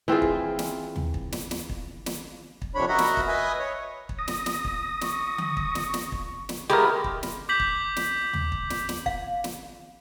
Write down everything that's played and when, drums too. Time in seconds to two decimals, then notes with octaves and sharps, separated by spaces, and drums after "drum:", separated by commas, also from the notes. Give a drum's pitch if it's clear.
0.08 E3 C4 F4 G#4
0.22 drum: kick
0.59 drum: snare
0.96 drum: tom D#2
1.14 drum: kick
1.32 drum: snare
1.51 drum: snare
1.69 drum: kick
2.06 drum: snare
2.62 drum: kick
2.75 F2 C3 D4 C#5 B5
2.89 F#4 A#4 D#5 E5 F#5 B5
2.98 drum: snare
3.17 drum: kick
3.28 B4 D#5 E5 G#5 D#6
3.59 C#5
4.09 drum: kick
4.19 D#6 A#6
4.28 drum: snare
4.46 drum: snare
4.64 drum: kick
5.01 C#6, drum: snare
5.38 drum: tom D3
5.57 drum: kick
5.75 drum: snare
5.94 drum: snare
6.12 drum: kick
6.49 drum: snare
6.70 G#3 A3 B3 G4 A#4 B5
7.04 drum: kick
7.23 drum: snare
7.49 D6 G6 B6 F#7
7.60 drum: kick
7.97 drum: snare
8.33 drum: tom D#2
8.52 drum: kick
8.70 drum: snare
8.89 drum: snare
9.06 F5, drum: kick
9.44 drum: snare